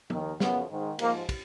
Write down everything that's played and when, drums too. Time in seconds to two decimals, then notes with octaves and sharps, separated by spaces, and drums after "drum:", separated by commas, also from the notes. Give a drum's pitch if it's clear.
0.10 D#2 D#3, drum: tom
0.40 F#2 C#3 F3 B3, drum: snare
0.69 G#2 D#3
0.99 G#2 F3 A#3, drum: cymbal
1.29 drum: kick, cymbal